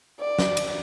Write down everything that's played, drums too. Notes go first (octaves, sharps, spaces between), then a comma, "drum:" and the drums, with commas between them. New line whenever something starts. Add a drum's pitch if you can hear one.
D5
drum: snare
drum: cymbal